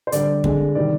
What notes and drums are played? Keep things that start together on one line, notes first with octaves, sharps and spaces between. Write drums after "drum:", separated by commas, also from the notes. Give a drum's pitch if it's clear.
C5
D3 G3 D5, drum: hi-hat
D3 G#3, drum: kick
C3 D#3 G3 D5